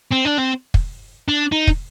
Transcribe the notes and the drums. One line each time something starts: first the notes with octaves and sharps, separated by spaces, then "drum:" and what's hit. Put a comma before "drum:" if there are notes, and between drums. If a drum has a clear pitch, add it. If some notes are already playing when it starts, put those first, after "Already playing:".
C4
D4
C4
drum: kick
D4
D#4
drum: kick